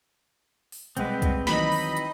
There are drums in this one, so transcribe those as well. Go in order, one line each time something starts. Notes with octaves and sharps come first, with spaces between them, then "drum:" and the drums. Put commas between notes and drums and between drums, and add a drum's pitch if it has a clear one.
drum: open hi-hat
B1 G3 G#3 C4 B4 F#5, drum: hi-hat
drum: kick, hi-hat
D#3 E3 F#3 D#4 D#5 B5, drum: snare
drum: open hi-hat
drum: hi-hat